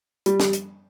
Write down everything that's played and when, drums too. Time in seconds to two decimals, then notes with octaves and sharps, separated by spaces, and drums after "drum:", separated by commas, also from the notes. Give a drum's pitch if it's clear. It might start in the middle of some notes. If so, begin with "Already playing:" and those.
0.26 G3, drum: hi-hat
0.40 drum: snare
0.53 drum: hi-hat